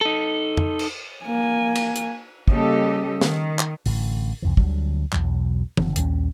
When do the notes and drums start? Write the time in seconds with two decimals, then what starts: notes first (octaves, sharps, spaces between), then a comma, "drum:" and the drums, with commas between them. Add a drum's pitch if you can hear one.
0.01 D#4 A4
0.57 drum: tom F2
0.79 drum: cymbal
1.25 A#3 G#5
1.76 drum: cymbal
1.96 drum: hi-hat
2.48 C#3 G3 A#3 G4 A4 D#5, drum: kick
3.21 D#3, drum: snare
3.59 drum: clap
3.86 A1 A2 D3, drum: open hi-hat
4.42 C2 F2 E3
4.57 D2 D3 F#3 G3, drum: kick
5.13 B1 E2 B2 F#3, drum: clap
5.77 F#1 D3 F3, drum: tom
5.96 A#1 D#2 G3 C#4, drum: hi-hat